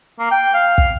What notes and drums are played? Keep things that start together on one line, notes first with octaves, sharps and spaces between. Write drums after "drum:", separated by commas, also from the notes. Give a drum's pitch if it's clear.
A#3
G5
F5
drum: kick